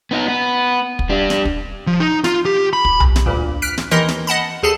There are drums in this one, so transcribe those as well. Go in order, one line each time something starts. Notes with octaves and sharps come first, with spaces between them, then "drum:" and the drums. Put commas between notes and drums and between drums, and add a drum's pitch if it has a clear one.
B3 D#4
B3
drum: kick
G3 D4
drum: snare
drum: kick
F3
D#4
F4, drum: snare
G4
B5
drum: kick
drum: tom B1
drum: snare
D2 G2 A#2
F6 F#6 B6 D7
drum: snare
D#2 E3 D#4 A#4 D#5 C6
drum: snare
D#5 F#5 A5 B5
D#2 G#4 A4 A5